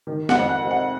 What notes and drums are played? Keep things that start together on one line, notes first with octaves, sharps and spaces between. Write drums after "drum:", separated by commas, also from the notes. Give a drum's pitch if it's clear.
D#3
F#5, drum: snare
F2
F#5
C3
F#5